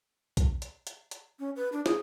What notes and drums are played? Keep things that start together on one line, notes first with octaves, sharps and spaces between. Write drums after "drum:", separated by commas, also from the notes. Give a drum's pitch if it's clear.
drum: kick B1, hi-hat
drum: hi-hat
drum: hi-hat
drum: hi-hat
C#4
B4
D4
G#4, drum: snare